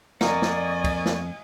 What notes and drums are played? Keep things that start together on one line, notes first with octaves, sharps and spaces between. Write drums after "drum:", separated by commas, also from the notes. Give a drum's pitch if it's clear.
F2 A#3 D5 D#5 F#5 G#5 C#6, drum: snare
drum: snare
drum: kick, cymbal
drum: snare